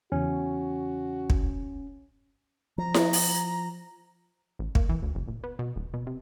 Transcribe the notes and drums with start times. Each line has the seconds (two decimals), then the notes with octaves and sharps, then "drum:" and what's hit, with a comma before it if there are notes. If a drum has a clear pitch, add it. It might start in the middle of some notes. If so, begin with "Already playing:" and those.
0.12 E2 C#3 C#4 F#4
1.30 drum: kick
2.78 F3 A#5
2.94 drum: snare E4
3.13 drum: open hi-hat
4.59 A1
4.75 A#3, drum: kick
4.89 E3
5.02 D2
5.15 F#1
5.28 A#1
5.44 B3
5.59 B2
5.76 D#1
5.94 B2
6.07 C3